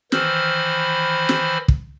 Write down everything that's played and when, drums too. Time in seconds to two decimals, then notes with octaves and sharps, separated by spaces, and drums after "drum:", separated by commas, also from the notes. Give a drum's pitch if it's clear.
0.12 D#3 E3 C5 B5 E6 F6, drum: snare
1.29 drum: snare
1.68 drum: kick